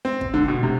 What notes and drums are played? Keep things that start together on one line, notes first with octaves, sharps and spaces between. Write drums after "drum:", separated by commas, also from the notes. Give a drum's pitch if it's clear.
C4
drum: kick
D3
B2
C3